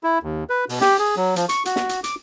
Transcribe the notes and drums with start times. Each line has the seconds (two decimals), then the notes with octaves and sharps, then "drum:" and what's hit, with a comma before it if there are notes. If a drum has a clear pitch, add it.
0.04 E4
0.23 D#2
0.50 B4
0.69 B2, drum: open hi-hat
0.81 G4, drum: snare
0.99 G#4
1.17 F#3
1.36 F3, drum: hi-hat
1.49 C#6, drum: hi-hat
1.65 F#4, drum: hi-hat
1.76 drum: snare
1.89 drum: hi-hat
2.04 D6, drum: hi-hat